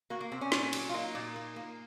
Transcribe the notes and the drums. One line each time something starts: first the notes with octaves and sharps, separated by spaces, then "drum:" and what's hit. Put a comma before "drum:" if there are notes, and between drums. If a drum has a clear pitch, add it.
A#3 F#4
A#3
C3 C4
C#4
A#2, drum: snare
F#3, drum: cymbal
F4
A#3 D#4
A#2
A#3
A#3